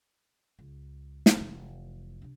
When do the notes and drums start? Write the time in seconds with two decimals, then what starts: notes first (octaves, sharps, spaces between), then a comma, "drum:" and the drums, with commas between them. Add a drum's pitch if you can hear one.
0.59 C#2
1.26 drum: snare
1.36 F1 E3
2.22 C3 D4